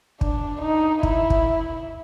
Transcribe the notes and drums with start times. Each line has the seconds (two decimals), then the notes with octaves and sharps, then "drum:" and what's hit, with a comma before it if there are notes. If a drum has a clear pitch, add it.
0.21 D4, drum: kick
0.61 D#4
1.03 E4, drum: kick
1.30 drum: kick